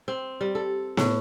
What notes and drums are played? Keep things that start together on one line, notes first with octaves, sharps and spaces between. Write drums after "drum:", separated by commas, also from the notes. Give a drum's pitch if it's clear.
C4
G3
A4
A2, drum: snare B3